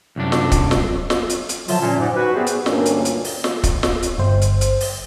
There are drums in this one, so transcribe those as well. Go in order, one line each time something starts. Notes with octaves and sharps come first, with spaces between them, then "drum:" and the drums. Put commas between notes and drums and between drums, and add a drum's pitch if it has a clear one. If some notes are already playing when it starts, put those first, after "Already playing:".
C2 F#2 D4
drum: snare
drum: kick, hi-hat
drum: snare
drum: snare
drum: hi-hat
drum: hi-hat
D3 F3 F#3 F4 E5 A5, drum: open hi-hat
A#2 C#4
G#2 D5
F#4 B4
B3 G4 G#4 C5 D5 E5
drum: hi-hat
D2 G2 A#2 A#3 C#4 D4, drum: snare
drum: hi-hat
drum: hi-hat
drum: open hi-hat
drum: snare
drum: kick, hi-hat
drum: snare
drum: hi-hat
G1 C5
drum: hi-hat
drum: hi-hat
drum: open hi-hat